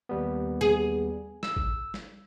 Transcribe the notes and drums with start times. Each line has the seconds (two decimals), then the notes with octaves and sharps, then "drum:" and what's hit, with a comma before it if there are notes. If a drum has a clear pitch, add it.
0.09 D#2 G3 B3
0.61 G#4
1.43 E6, drum: snare
1.56 drum: kick G#1
1.94 drum: snare